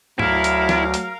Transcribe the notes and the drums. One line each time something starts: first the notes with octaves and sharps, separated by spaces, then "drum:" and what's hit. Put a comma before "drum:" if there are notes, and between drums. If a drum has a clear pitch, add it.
D2 F#3 E4 A#4 F5, drum: tom
drum: hi-hat
drum: snare
drum: hi-hat